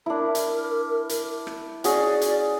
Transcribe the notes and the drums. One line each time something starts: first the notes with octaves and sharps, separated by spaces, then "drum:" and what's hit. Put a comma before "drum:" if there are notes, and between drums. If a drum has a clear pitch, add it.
D4 E4 A#4
drum: hi-hat
drum: hi-hat
drum: rim click
C#4 F#4 G#4 D5, drum: hi-hat
drum: hi-hat